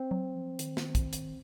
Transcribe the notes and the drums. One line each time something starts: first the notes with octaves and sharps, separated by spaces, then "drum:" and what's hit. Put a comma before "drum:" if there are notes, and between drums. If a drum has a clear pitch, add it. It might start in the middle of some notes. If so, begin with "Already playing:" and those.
Already playing: C4
F#3
F3
D#3, drum: hi-hat
drum: snare
drum: kick, hi-hat
drum: hi-hat